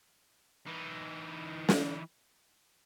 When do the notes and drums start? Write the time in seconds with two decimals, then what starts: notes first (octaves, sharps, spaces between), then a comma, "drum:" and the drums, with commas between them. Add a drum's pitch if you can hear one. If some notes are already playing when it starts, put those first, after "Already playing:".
0.67 E3 D#4
1.69 drum: snare